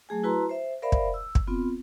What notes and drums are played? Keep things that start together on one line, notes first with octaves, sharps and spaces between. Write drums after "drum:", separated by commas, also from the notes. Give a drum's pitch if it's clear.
F#3 A3 G#4 G#5
E4 F#4 B4 A5 A#5 C6
C5 E5
A#4 C5 D5 E5 F5 B5
drum: kick
E6
drum: kick
B3 C4 F4